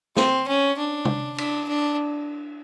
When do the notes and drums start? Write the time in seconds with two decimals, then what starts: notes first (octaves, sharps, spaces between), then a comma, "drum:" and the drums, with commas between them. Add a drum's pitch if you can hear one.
0.17 C4, drum: snare
0.48 C#4
0.78 D4
1.05 drum: tom
1.38 D4, drum: cymbal
1.68 D4